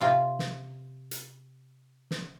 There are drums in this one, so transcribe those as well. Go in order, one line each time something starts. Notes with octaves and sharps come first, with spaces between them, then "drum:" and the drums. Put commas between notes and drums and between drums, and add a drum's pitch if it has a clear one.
C3 F4 F5
drum: snare
drum: hi-hat
drum: snare